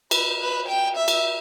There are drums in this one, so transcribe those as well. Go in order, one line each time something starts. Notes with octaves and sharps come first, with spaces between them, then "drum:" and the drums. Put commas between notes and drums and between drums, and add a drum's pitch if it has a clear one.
B4, drum: cymbal
B4
G5
E5
drum: cymbal